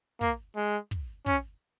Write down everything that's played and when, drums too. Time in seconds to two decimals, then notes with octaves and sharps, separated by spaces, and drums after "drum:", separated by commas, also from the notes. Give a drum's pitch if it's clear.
0.21 A#3, drum: kick, hi-hat
0.56 G#3
0.91 drum: kick
1.26 C#4, drum: kick, hi-hat